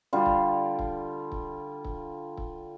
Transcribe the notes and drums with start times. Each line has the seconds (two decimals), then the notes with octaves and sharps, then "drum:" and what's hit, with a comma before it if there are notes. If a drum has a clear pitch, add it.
0.13 D3 G3 F4
0.26 drum: kick
0.79 drum: kick
1.32 drum: kick
1.85 drum: kick
2.37 drum: kick